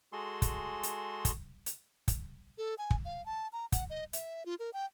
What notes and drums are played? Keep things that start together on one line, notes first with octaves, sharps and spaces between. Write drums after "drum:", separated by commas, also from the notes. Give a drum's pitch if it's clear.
G#3 F#4 G#4 A4 C6
drum: kick, hi-hat
drum: hi-hat
drum: kick, hi-hat
drum: hi-hat
drum: kick, hi-hat
A4
G#5
drum: kick
F5
A5
A#5
F#5, drum: kick, hi-hat
D#5
E5, drum: hi-hat
F4
A#4
G5